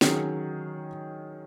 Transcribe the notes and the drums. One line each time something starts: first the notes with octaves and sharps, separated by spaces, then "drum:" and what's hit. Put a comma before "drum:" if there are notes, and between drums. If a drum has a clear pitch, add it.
D#3 F#3 C#4 G#4, drum: snare